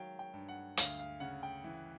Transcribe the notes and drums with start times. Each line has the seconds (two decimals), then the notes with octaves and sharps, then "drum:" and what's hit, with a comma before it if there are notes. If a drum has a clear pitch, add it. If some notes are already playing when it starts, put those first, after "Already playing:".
Already playing: D#3 F#3 F5 G5
0.19 G5
0.33 G2
0.49 F#5
0.77 D2 F5, drum: hi-hat
0.99 F5
1.20 C#3 F#5
1.43 G5
1.64 E3